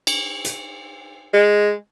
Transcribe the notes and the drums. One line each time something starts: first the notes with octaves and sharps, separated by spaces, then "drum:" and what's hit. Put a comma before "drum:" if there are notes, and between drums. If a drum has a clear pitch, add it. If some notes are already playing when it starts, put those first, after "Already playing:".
drum: cymbal
drum: hi-hat
G#3